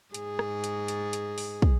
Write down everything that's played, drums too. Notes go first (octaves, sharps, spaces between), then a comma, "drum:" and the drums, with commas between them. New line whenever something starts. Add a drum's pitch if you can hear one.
G#2 G#4, drum: hi-hat
drum: rim click
drum: hi-hat
drum: hi-hat
drum: hi-hat
drum: open hi-hat
drum: kick